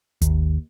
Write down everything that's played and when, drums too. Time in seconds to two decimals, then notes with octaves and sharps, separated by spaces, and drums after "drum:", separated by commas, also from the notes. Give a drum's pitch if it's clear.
0.22 D#2, drum: kick G#1, hi-hat